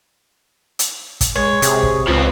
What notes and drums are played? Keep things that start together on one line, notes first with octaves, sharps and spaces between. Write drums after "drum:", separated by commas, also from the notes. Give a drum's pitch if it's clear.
drum: hi-hat
drum: kick, hi-hat
G#3 C#5
C3 G#4, drum: hi-hat
drum: kick
C#2 F3 C4 B4